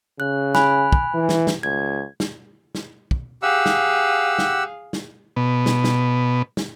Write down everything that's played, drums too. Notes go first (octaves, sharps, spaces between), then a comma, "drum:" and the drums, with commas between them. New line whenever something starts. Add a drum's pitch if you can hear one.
C#3 F#6
G#5 B5 F#6, drum: snare
drum: kick
E3
drum: snare
drum: snare
C#2 G#6
drum: snare
drum: snare
drum: kick
G4 G#4 F5 F#5 E6
drum: snare
drum: snare
drum: snare
B2
drum: snare
drum: snare
drum: snare